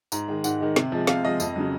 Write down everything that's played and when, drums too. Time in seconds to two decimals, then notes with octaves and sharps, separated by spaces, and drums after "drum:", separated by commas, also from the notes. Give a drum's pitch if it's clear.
0.12 G#2 A#5, drum: tambourine
0.28 D#3 G#3
0.44 G#2 F#5, drum: tambourine
0.60 D#3 G#3
0.76 C3, drum: snare
0.92 F3 G#3
1.07 C3 F5, drum: snare
1.24 F3 G#3 D#5
1.40 F2, drum: tambourine
1.56 C#3 F#3